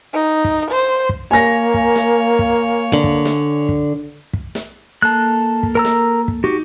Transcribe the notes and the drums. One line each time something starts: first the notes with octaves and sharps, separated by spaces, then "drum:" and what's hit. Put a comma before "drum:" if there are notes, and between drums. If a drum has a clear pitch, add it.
D#4
drum: kick
C5
drum: kick
A#3 C#5 G#5 A#6
drum: kick
drum: snare
drum: kick
D3
drum: kick
drum: snare
drum: kick
drum: kick
drum: snare
A#3 A4 A5 F#6
drum: kick
A#4 A#5 E6
drum: snare
drum: kick
D#4 F#4 G4